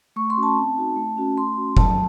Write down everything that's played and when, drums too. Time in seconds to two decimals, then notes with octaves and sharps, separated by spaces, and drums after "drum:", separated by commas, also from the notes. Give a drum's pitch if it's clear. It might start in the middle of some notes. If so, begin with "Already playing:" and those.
0.16 A3 C#6
0.30 C6
0.37 C#4 F#4
0.43 A5
0.56 C4
0.77 D#4 F#4
0.96 A3
1.17 C#4 F#4
1.37 A3 C6
1.57 C#4 F#4
1.77 F#3 A5, drum: kick F1